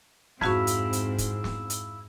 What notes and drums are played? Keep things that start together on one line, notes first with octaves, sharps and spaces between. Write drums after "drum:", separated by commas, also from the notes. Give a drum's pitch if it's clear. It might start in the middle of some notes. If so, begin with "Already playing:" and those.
F2 G#2 C4 E4 F#4 F5 B5 C#6, drum: snare
drum: hi-hat
drum: hi-hat
drum: kick, hi-hat
drum: snare
drum: hi-hat